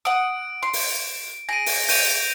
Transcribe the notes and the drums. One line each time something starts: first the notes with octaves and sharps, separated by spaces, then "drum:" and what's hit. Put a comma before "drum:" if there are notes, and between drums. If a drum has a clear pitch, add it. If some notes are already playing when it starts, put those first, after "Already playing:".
F#5 D#6 D7
C6
drum: open hi-hat
G#4 A#6 D7 D#7
drum: open hi-hat
G6 D#7 F7, drum: open hi-hat